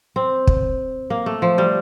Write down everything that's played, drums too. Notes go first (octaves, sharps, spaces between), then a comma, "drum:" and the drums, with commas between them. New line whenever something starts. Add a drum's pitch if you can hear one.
C4
drum: kick
A#3
A3
F3
G3